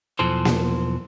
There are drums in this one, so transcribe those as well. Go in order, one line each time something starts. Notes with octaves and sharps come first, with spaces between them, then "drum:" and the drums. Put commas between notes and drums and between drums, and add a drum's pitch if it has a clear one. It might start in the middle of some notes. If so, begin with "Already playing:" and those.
B1 E2 E3 F3 A4 C5
drum: snare A#3